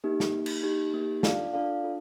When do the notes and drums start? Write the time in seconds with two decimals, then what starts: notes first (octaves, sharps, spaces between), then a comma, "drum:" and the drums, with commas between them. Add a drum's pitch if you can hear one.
0.04 A#3 D#4 G4
0.20 drum: snare
0.33 A#3 D#4 G4
0.46 drum: cymbal
0.63 A#3 D#4 G4
0.94 A#3 D#4 G4
1.23 D4 F4 A4 D5 F5, drum: snare
1.54 D4 F4 A4 D5 F5
1.84 D4 F4 A4